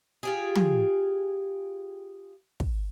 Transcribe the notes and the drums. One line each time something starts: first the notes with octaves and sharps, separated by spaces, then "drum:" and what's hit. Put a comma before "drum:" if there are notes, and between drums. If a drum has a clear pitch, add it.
F4 G4 G#4
drum: tom
drum: kick